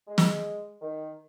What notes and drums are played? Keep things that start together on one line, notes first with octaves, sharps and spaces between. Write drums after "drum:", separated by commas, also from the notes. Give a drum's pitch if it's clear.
G#3
drum: snare
D#3